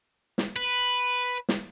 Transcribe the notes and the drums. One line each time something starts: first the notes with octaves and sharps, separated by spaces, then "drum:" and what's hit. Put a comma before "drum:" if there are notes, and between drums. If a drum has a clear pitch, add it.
drum: snare
B4
drum: snare